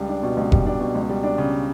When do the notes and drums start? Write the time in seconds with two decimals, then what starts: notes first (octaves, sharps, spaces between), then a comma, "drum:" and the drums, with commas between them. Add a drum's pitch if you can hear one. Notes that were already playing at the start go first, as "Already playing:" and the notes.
Already playing: C#2 G3
0.09 D4
0.23 B2
0.37 C#2
0.52 G3, drum: kick F1
0.66 D4
0.80 B2
0.95 C#2
1.10 G3
1.23 D4
1.38 C#3